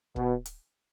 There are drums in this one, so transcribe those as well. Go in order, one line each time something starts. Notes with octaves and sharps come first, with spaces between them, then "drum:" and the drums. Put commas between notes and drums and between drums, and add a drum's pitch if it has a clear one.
B2, drum: kick
drum: hi-hat